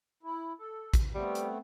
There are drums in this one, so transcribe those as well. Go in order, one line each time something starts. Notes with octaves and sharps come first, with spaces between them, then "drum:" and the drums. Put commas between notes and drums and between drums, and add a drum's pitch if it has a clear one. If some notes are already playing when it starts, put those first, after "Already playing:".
E4
A4
drum: kick A1, hi-hat
G3 A3 B3 C4
drum: hi-hat